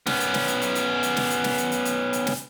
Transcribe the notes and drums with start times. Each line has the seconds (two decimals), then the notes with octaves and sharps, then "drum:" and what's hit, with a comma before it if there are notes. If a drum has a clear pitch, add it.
0.07 B3 C#4, drum: snare
0.20 drum: hi-hat
0.34 drum: snare
0.48 drum: hi-hat
0.62 drum: hi-hat
0.75 drum: hi-hat
1.03 drum: hi-hat
1.17 drum: snare
1.30 drum: hi-hat
1.44 drum: snare
1.58 drum: hi-hat
1.72 drum: hi-hat
1.85 drum: hi-hat
2.13 drum: hi-hat
2.27 drum: snare